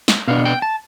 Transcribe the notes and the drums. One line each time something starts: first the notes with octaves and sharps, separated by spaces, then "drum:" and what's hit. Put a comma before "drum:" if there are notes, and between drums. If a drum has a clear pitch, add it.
drum: snare
B2 B3 D4 F5
G5
A5